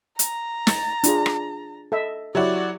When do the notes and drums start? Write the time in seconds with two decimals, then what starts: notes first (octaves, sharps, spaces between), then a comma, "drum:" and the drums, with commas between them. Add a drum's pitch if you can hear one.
0.19 A#5, drum: hi-hat
0.67 A6, drum: snare
1.04 D4 F4 G#4, drum: hi-hat
1.26 drum: rim click
1.92 A4 D#5 E5
2.35 F#3 E4 F#4 G4 D5